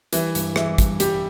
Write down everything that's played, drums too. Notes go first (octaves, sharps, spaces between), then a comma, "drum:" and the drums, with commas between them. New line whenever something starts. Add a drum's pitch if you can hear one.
E3 G3 E4, drum: hi-hat
G2, drum: hi-hat
E3 E4, drum: rim click
G2, drum: kick, hi-hat
G3 G4, drum: hi-hat